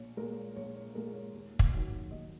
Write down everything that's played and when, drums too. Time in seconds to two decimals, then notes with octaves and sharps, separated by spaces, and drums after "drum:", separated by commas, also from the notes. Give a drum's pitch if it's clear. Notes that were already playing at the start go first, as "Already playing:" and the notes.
Already playing: A#1 C#5
0.17 A#2 G#3 A#4
0.56 A#1 C#5
0.76 C#5
0.95 A#2 G#3 A#4
1.14 C#5
1.33 D#2
1.59 drum: kick
1.72 D#3 F#3
2.10 D#2 D#5